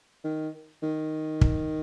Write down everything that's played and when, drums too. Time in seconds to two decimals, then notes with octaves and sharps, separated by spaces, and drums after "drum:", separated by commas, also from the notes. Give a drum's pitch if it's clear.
0.24 D#3
0.83 D#3
1.41 drum: kick